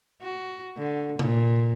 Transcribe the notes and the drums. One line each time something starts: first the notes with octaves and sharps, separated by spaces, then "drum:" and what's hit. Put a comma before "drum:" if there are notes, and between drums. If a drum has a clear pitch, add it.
F#4
D3
A#2, drum: tom C3